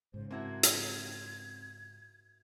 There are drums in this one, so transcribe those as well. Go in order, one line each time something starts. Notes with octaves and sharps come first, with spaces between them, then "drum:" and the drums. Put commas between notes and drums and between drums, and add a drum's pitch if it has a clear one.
G#2 C#3 C5
A#3 C4 E4 F#4 G#5 A5 G#6
drum: hi-hat